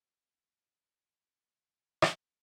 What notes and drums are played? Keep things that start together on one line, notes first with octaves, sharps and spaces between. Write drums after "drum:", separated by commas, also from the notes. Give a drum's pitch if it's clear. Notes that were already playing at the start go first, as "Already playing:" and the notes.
Already playing: C#3
G#2
A2
G#2
G2
A#2
drum: rim click
C3